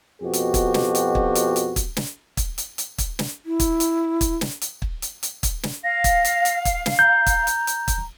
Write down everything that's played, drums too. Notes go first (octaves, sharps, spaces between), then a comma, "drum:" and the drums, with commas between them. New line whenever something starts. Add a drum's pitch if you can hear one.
F2 B2 F#4 G4
drum: hi-hat
drum: kick, hi-hat
drum: snare
drum: hi-hat
drum: kick
drum: hi-hat
drum: hi-hat
drum: kick, hi-hat
drum: snare
drum: kick, hi-hat
drum: hi-hat
drum: hi-hat
drum: kick, hi-hat
drum: snare
E4
drum: kick, hi-hat
drum: hi-hat
drum: kick, hi-hat
drum: snare
drum: hi-hat
drum: kick
drum: hi-hat
drum: hi-hat
drum: kick, hi-hat
drum: snare
F5 A#6
drum: kick, hi-hat
drum: hi-hat
drum: hi-hat
drum: kick, hi-hat
drum: snare
A#5 G6
drum: kick, hi-hat
drum: hi-hat
drum: hi-hat
drum: kick, hi-hat